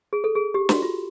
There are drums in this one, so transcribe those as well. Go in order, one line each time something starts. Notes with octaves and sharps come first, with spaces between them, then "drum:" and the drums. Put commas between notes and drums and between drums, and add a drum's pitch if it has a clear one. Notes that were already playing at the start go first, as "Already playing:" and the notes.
G#4
A4
G#4
G4
F#4, drum: snare
F4